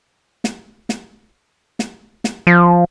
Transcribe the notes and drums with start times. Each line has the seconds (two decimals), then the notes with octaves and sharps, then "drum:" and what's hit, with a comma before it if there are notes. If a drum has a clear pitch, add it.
0.44 drum: snare
0.89 drum: snare
1.79 drum: snare
2.24 drum: snare
2.47 F3